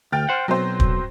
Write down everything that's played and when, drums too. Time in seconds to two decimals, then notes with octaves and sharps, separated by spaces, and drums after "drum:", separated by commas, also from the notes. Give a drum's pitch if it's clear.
0.12 D2 G5 F6 A6
0.29 C5 F#5
0.48 B1 F#3 C4 C5
0.80 drum: kick